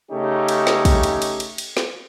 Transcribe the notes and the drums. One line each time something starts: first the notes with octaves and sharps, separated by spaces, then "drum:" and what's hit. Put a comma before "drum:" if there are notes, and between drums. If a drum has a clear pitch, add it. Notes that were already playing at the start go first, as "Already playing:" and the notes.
C#3 A3 C#4 D#4 G4
drum: cymbal
drum: snare
drum: kick, cymbal
drum: cymbal
drum: cymbal
drum: cymbal
drum: cymbal
drum: snare